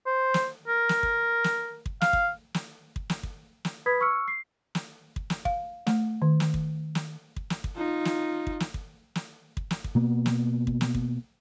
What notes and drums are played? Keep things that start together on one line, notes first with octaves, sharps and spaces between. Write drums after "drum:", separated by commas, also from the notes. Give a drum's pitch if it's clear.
C5
drum: snare
A#4
drum: snare
drum: kick
drum: snare
drum: kick
F5, drum: snare
drum: kick
drum: snare
drum: kick
drum: snare
drum: kick
drum: snare
B4 B5 D#6 G#6 B6
C#6 E6 F6 C#7
C7
drum: snare
drum: kick
drum: snare
F5, drum: kick
A3, drum: snare
D#3
drum: snare
drum: kick
drum: snare
drum: kick
drum: snare
drum: kick
D#4 F4
drum: snare
drum: kick
drum: snare
drum: kick
drum: snare
drum: kick
drum: snare
drum: kick
B2 A#3 B3
drum: snare
drum: kick
drum: snare
drum: kick